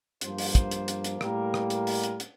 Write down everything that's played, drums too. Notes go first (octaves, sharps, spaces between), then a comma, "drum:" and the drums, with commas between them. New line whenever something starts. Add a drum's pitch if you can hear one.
G2 F3 A#3 C5, drum: hi-hat
drum: open hi-hat
drum: kick, hi-hat
drum: hi-hat
drum: hi-hat
drum: hi-hat
A2 G3 A#3 A#4, drum: rim click
drum: rim click
A#4, drum: hi-hat
drum: open hi-hat
drum: hi-hat
drum: hi-hat